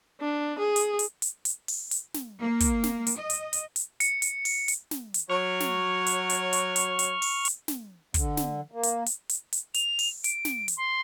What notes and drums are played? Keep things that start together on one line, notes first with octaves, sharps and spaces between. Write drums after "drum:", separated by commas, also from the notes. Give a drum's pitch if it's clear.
D4
G#4
drum: hi-hat
drum: hi-hat
drum: hi-hat
drum: hi-hat
drum: open hi-hat
drum: hi-hat
drum: snare
A#3
drum: kick, hi-hat
drum: snare
drum: hi-hat
D#5
drum: hi-hat
drum: hi-hat
drum: hi-hat
C#7, drum: hi-hat
drum: hi-hat
drum: open hi-hat
drum: hi-hat
drum: snare
drum: hi-hat
F#3 C#5 C#6 F6
drum: snare
drum: hi-hat
drum: hi-hat
drum: hi-hat
drum: hi-hat
drum: hi-hat
drum: open hi-hat
drum: hi-hat
drum: snare
D3, drum: kick, hi-hat
drum: snare
A#3
drum: hi-hat
drum: hi-hat
drum: hi-hat
drum: hi-hat
F7, drum: hi-hat
drum: open hi-hat
D7, drum: hi-hat
drum: snare
drum: hi-hat
C6